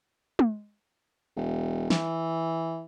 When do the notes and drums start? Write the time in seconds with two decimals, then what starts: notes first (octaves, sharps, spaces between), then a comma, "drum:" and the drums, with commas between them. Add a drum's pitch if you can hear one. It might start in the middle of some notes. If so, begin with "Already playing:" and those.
0.39 drum: tom
1.36 E1
1.90 E3, drum: snare